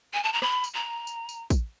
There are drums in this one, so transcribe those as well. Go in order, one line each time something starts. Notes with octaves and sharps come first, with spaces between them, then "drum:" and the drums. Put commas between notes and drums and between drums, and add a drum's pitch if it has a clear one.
G#5
A5
A#5
B5, drum: rim click
drum: tambourine
A#5
drum: tambourine
drum: tambourine
drum: kick, tambourine